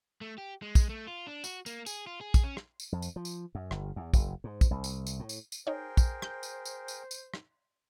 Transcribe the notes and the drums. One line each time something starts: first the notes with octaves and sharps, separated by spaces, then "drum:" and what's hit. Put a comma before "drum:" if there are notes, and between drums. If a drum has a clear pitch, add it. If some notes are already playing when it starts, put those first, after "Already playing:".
A3
G4
G#3
drum: kick, tambourine
A3
F4
D4
F#4, drum: tambourine
A#3, drum: tambourine
G#4, drum: tambourine
F4
G#4
drum: kick, tambourine
C#4
drum: rim click
drum: tambourine
F2
drum: tambourine
F3
drum: tambourine
F#2
G1, drum: rim click
E2
F#1, drum: kick, tambourine
G#2
drum: kick, tambourine
C2
drum: tambourine
drum: tambourine
A2
drum: tambourine
drum: tambourine
D#4 G#4 A#4 C5 C#5 G5
drum: kick, tambourine
G6, drum: rim click
drum: tambourine
drum: tambourine
drum: tambourine
drum: tambourine
drum: rim click